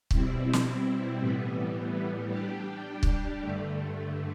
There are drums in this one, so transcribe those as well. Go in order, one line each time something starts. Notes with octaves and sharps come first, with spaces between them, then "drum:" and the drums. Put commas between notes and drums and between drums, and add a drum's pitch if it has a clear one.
B2 G3 C4 E4, drum: kick
drum: snare
A2 E3 G3 B3
G3 D4 G4
drum: kick
G2 D3 A3